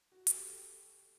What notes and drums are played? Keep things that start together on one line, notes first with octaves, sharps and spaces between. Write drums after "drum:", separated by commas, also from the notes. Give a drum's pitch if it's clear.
F#4
A4, drum: hi-hat
G4
A4